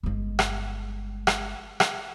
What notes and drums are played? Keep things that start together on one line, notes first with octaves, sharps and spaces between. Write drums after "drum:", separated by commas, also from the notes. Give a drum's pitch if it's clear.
G1 G#3
drum: rim click
drum: rim click
drum: rim click